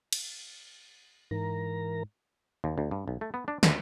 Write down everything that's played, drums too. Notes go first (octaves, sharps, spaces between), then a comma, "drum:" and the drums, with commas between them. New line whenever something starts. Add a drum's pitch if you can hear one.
drum: cymbal
G#2 E3 A#4 A#5
D#2
D2
G2
B1
A3
B3
D4
D2, drum: snare